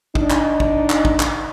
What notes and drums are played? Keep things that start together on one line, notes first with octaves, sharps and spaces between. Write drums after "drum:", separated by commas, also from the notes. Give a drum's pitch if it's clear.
D4 D#4, drum: kick
drum: clap
drum: kick
drum: clap
drum: kick
drum: clap